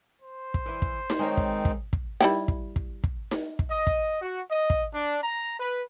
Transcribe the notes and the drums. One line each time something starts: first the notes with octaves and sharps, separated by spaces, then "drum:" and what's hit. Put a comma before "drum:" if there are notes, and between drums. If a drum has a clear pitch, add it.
C5
drum: kick
E3 E4
drum: kick
drum: snare D#4
D#3 G#3 C4 D#4 A#4 C#5
drum: kick
drum: kick
drum: kick
G3 E4 G5, drum: snare D#4
drum: kick
drum: kick
drum: kick
drum: snare D#4
drum: kick
D#5
drum: kick
F#4
D#5
drum: kick
D4
A#5
B4